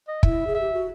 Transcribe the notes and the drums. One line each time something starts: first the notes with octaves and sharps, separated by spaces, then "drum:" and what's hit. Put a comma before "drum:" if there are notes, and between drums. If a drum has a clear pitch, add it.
D#5
E4 E5, drum: kick
G#4
E5
G4
F#4